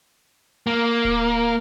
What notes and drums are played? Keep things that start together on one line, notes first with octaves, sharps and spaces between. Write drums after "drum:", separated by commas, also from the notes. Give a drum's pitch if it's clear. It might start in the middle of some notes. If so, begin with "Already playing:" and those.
A#3
drum: kick D1